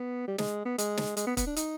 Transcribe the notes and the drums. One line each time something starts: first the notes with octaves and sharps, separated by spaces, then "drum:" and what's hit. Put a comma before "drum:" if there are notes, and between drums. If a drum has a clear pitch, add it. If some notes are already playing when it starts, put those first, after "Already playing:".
Already playing: B3
G3
G#3, drum: snare
B3
G#3, drum: hi-hat
drum: snare
G#3, drum: hi-hat
B3
B3, drum: kick, hi-hat
D4
D#4, drum: hi-hat